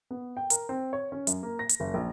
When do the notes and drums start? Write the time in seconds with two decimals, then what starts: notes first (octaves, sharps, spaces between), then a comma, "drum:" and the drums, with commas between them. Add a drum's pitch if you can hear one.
0.11 B3
0.37 G5
0.50 A#4, drum: hi-hat
0.69 C4
0.93 C#5
1.12 C#4
1.27 F#2, drum: hi-hat
1.43 A#3
1.59 A#6
1.69 drum: hi-hat
1.80 F#1
1.94 A#1